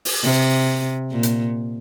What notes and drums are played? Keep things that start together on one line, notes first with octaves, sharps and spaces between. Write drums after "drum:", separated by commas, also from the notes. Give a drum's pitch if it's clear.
drum: open hi-hat
C3
A#2
drum: hi-hat